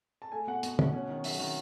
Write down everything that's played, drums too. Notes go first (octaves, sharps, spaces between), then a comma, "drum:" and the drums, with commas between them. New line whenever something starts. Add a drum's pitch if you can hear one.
A5
A3 G#5
B2 F#5
B2, drum: hi-hat
B2, drum: tom
C#4
D#3
F#3 E5, drum: open hi-hat
D#3